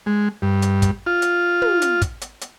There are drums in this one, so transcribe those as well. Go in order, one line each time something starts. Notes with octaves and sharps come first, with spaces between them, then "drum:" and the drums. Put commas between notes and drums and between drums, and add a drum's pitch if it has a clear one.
G#3
G2
drum: hi-hat
drum: kick, hi-hat
F4
drum: hi-hat
drum: tom
drum: hi-hat
drum: kick, hi-hat
drum: hi-hat
drum: hi-hat